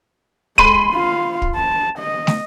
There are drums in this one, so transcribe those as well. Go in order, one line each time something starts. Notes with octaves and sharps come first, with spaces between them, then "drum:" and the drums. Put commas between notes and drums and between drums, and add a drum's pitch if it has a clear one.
G#3 B5 C6 D#7, drum: kick
F4 F5
drum: kick
A5
D#5
drum: snare